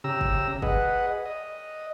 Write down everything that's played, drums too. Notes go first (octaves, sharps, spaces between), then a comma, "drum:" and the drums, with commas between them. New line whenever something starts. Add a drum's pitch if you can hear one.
C#3 G4 A#5 E6
drum: kick
G#4 B4 D#5 F#5, drum: kick
D#5